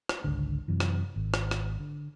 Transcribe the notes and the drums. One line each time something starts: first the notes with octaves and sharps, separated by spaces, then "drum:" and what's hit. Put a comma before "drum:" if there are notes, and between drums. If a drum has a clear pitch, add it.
drum: rim click
G#1 C#2 D3
F#2 C3 E3
drum: rim click
G#1
drum: rim click
drum: rim click
D3